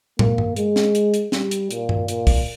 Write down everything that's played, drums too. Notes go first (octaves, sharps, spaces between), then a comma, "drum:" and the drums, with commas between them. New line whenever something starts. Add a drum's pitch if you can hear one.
A#3, drum: tom
drum: tom G2
G#3, drum: hi-hat
drum: snare
drum: hi-hat
drum: hi-hat
G3, drum: snare
drum: hi-hat
A#2, drum: hi-hat
drum: tom G2
A#2, drum: hi-hat
drum: kick, open hi-hat